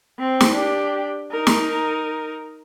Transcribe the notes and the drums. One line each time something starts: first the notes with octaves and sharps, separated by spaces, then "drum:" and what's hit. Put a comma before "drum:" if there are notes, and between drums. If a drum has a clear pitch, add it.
C4
drum: snare
D4 G4
D#4 A#4
drum: snare